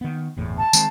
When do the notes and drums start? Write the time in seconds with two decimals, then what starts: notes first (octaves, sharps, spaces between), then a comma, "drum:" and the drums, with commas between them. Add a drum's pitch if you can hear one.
0.01 D#3 B3
0.37 G1 E2 A2
0.58 A5
0.73 D#3 G#3 C4, drum: tambourine